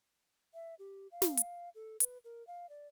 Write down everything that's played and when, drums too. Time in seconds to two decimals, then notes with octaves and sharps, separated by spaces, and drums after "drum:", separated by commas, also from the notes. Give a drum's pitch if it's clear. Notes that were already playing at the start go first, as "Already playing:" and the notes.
0.54 E5
0.79 G4
1.12 F5
1.22 drum: snare
1.37 drum: hi-hat
1.75 A4
2.00 B4, drum: hi-hat
2.24 A#4
2.47 F5
2.69 D5